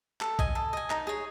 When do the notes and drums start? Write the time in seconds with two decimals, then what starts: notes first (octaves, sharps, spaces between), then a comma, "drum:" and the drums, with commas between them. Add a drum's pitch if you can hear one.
0.21 A4, drum: clap
0.39 D#5 G#5, drum: kick A#1
0.55 A4
0.73 D#5 G#5
0.90 D#4, drum: clap
1.07 G#4 C#5